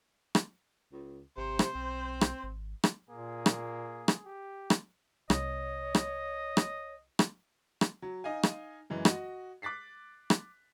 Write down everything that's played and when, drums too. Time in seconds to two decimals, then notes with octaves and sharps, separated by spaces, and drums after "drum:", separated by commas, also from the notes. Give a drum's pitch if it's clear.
0.35 drum: rim click
0.92 C#2
1.37 G#1 C3 C5
1.59 drum: rim click
1.75 B1 C4
2.21 drum: rim click
2.43 G#1
2.84 drum: rim click
3.09 A#2 A#3 G#4
3.46 drum: rim click
4.08 drum: rim click
4.25 G4
4.70 drum: rim click
5.30 C2 C#5 D#5, drum: rim click
5.95 drum: rim click
6.57 drum: rim click
7.19 drum: rim click
7.81 drum: rim click
8.02 F#3
8.24 D#4 D#5 F5 G#5
8.43 drum: rim click
8.90 F#2 E3 G#3
9.05 F#4 D#5, drum: rim click
9.62 D6 F#6 A6 B6 C7
10.30 drum: rim click